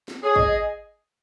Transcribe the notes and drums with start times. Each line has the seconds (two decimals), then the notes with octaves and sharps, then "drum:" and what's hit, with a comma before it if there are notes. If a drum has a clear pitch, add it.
0.08 drum: snare
0.23 G#4 C#5
0.36 D#5, drum: kick
0.47 D#5